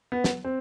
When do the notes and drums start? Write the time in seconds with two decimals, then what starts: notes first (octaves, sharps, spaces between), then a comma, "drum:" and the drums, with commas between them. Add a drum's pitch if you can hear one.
0.12 B3
0.24 drum: snare
0.45 C4